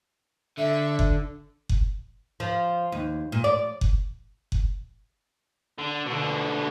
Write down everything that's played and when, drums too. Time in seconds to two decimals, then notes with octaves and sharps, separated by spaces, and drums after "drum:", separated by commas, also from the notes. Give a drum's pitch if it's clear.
0.58 D3 E5
0.99 drum: kick F#1
1.69 drum: kick F#1
2.40 F3
2.92 D#2
3.32 A#2
3.44 D5
3.81 drum: kick F#1
4.52 drum: kick F#1
5.78 D3
6.06 B2 D3